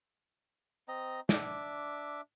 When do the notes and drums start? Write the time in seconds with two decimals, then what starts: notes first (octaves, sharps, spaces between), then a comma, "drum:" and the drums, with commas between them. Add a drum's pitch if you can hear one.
0.88 C4 D#5 A#5
1.29 D4 E5 D6, drum: snare